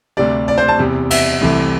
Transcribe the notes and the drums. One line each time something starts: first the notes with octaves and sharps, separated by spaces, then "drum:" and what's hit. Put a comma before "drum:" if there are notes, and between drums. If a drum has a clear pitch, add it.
D2 C3 G3 D4 D5
D5
C5
A5
E2 C3 G3
E5, drum: cymbal
C2 C3 E3 A3